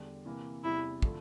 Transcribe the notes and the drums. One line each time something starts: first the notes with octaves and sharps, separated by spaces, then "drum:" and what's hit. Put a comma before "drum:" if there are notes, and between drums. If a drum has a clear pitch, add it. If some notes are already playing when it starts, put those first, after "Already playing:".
Already playing: E2 D3 G3 D4
C3 E3 A#3 E4
E2 C3 G3 E4
D3 F3 A3 E4, drum: kick